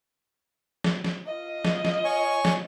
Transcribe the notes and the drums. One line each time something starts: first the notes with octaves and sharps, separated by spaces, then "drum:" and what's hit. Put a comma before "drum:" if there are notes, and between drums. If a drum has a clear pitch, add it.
drum: snare
drum: snare
F4 D#5
drum: snare
drum: snare
C#5 G#5 C#6
drum: snare